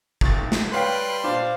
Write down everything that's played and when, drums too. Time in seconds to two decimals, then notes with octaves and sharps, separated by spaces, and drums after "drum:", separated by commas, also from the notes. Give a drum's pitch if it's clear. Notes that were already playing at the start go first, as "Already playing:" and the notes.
0.21 D#1 D#3 A6, drum: kick
0.52 drum: snare
0.72 G3 B4 C#5 F5 G5 B5 C6 F#6
1.24 A#2 D4 C5 F5